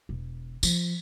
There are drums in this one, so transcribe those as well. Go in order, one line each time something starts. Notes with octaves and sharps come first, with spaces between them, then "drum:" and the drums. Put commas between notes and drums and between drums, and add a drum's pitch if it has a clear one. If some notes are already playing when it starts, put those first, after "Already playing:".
E1
F3, drum: tambourine